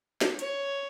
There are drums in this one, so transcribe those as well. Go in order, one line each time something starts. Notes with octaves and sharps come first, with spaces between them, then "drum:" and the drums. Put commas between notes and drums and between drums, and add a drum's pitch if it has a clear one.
drum: snare
C#5, drum: hi-hat